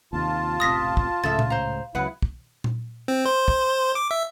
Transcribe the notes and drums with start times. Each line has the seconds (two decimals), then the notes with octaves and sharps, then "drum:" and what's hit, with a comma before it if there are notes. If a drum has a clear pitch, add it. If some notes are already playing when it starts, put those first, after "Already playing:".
0.13 D#2 C3 D#3 F4 A5
0.60 E1 A1 C3 D#6 A#6 B6
0.97 drum: kick
1.24 C#2 A2 C#3 F3 A4 E5 A6
1.39 drum: tom A#2
1.50 C5 F5 A#5
1.95 C#2 C#3 F#3 B3 E4 B4 F#5
2.22 drum: kick
2.64 drum: tom A#2
3.08 C4
3.26 C5
3.48 drum: kick
3.95 D6
4.11 E5